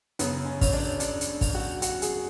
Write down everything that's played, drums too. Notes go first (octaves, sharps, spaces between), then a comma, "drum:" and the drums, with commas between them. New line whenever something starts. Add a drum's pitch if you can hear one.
F#2 C#3 F#3 B3, drum: hi-hat
C#4
C#4, drum: kick, open hi-hat
D4
D4, drum: hi-hat
drum: hi-hat
drum: kick, open hi-hat
F#4
F#4, drum: hi-hat
G#4, drum: hi-hat